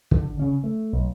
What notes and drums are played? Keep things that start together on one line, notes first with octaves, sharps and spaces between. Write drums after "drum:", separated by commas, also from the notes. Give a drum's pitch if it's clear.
D3, drum: kick
C#3 C#4
A3
B1